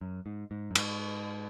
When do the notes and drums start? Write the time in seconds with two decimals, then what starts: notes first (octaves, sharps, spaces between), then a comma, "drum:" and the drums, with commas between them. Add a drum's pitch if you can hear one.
0.01 F#2
0.26 G#2
0.51 G#2
0.71 F#2
0.75 G#2, drum: cymbal